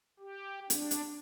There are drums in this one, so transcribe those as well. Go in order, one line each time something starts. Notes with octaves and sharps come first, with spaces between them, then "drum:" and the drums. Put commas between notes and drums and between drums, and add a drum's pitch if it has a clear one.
G4
D4, drum: hi-hat
drum: hi-hat